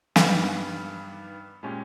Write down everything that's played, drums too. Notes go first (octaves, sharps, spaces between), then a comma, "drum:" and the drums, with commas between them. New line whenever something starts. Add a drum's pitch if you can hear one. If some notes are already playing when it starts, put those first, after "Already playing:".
G2 D#3 G3 B3, drum: snare
A#2 G#3 C#4 G4